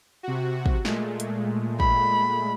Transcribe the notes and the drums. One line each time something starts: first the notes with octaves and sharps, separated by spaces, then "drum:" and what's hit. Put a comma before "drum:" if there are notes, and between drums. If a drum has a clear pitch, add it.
C3 F#4
drum: kick
A#2 G#3 A3, drum: snare
drum: hi-hat
B5, drum: kick